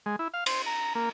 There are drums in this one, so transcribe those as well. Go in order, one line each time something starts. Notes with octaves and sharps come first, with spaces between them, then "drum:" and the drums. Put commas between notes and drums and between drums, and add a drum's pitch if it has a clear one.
G#3
E4
F5
C5, drum: cymbal
A#5
A#3